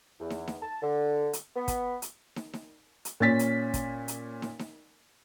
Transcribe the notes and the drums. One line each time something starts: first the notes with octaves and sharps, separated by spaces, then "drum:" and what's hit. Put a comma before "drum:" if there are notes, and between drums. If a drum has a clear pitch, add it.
E2
drum: snare
drum: snare
A5
D3
drum: hi-hat
B3
drum: kick, hi-hat
drum: hi-hat
drum: snare
drum: snare
drum: hi-hat
A#2 C#4 A6 B6
drum: hi-hat
drum: kick, hi-hat
drum: hi-hat
drum: snare
drum: snare